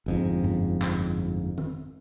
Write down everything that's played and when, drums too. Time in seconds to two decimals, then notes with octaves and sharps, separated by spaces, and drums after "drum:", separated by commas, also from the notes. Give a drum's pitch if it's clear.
0.06 G1 F2 G#2
0.44 drum: tom G2
0.82 drum: clap
1.58 drum: tom